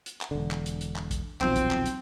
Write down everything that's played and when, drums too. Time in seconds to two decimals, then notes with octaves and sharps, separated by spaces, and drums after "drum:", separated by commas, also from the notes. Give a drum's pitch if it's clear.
0.06 drum: hi-hat
0.21 drum: clap
0.31 E1 D3
0.51 drum: clap
0.66 drum: hi-hat
0.81 drum: hi-hat
0.96 drum: clap
1.11 drum: kick, hi-hat
1.41 D#1 B1 F3 C4, drum: clap
1.56 drum: kick, hi-hat
1.71 drum: clap
1.86 drum: hi-hat